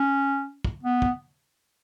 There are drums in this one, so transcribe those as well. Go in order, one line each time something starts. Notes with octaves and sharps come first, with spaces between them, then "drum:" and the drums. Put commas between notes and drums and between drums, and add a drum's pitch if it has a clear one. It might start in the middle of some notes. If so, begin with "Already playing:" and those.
Already playing: C#4
drum: kick
B3
drum: kick